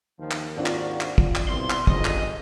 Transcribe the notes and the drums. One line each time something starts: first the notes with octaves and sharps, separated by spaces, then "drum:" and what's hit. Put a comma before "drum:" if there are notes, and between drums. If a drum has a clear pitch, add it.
D#2 D#3 F3
drum: clap
G#2 D#3 C4 D4 F4 F#4
drum: clap
drum: clap
drum: kick
drum: clap
C2 B2 C6
drum: clap
G1 F2 G#2 C#3 D#5, drum: kick
drum: clap